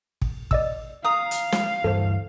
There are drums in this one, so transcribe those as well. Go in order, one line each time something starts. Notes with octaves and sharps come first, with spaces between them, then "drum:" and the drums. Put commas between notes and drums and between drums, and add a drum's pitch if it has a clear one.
drum: kick
D5 D#5 E6, drum: kick
F5 A#5 D#6
drum: hi-hat
drum: snare
D2 G2 E3 A4 C5